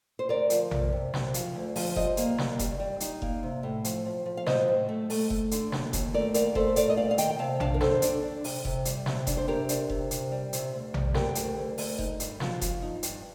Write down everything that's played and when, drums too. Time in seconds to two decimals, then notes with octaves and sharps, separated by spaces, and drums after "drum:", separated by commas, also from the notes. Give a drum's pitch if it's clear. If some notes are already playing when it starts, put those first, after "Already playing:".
0.19 C5
0.29 D2 A#4 D5
0.50 F3, drum: hi-hat
0.71 D2, drum: tom A#1
0.93 C3
1.14 C3, drum: snare
1.34 F3, drum: hi-hat
1.55 D2
1.76 F3, drum: open hi-hat
1.96 G3 C5 D#5, drum: kick F1
2.17 A#3, drum: hi-hat
2.38 G3, drum: snare
2.59 G3, drum: kick F1, hi-hat
2.80 G3
3.00 D#4, drum: hi-hat
3.22 A#3, drum: kick F1
3.43 C3
3.63 A2
3.84 F3, drum: hi-hat
4.06 F3
4.26 F3
4.37 F5
4.46 A2 C5 D#5, drum: snare
4.68 A2
4.89 A3
5.10 A3, drum: open hi-hat
5.30 A3, drum: kick F1
5.51 D3, drum: hi-hat
5.72 D#2, drum: snare
5.93 D#2, drum: kick F1, hi-hat
6.14 A3 A#4 D5
6.34 D#2 A#4 D5, drum: hi-hat
6.55 A3 A4 C5, drum: kick F1
6.76 A3 A#4 D5, drum: hi-hat
6.90 D#5
6.97 G3 D5 F5
7.11 F5
7.18 D#3 D#5 G5, drum: hi-hat
7.31 G5
7.39 C3 F5 A5
7.60 D4 F5 A5, drum: tom A#1
7.74 A#4
7.81 D#3 A4 C5, drum: snare
8.02 D4, drum: hi-hat
8.23 D4
8.44 C3, drum: open hi-hat
8.65 C3, drum: kick F1
8.85 G3, drum: hi-hat
9.06 C3, drum: snare
9.27 D4, drum: kick F1, hi-hat
9.37 C5
9.48 C3 G4 A#4
9.69 D4, drum: hi-hat
9.90 C3, drum: kick F1
10.11 C3, drum: hi-hat
10.32 G3
10.53 C3, drum: hi-hat
10.73 D2
10.94 G3, drum: tom A#1
11.14 D2 G4 A#4, drum: snare
11.35 D2, drum: hi-hat
11.57 D2
11.78 D2, drum: open hi-hat
11.99 D#4, drum: kick F1
12.20 G2, drum: hi-hat
12.40 F3, drum: snare
12.61 F3, drum: kick F1, hi-hat
12.82 D#4
13.03 G2, drum: hi-hat